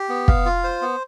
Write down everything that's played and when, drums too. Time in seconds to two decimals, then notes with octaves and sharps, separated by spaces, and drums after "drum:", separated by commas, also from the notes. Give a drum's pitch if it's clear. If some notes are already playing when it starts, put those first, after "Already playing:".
Already playing: G4
0.09 B3
0.28 F5, drum: kick
0.46 F4
0.64 C5
0.82 B3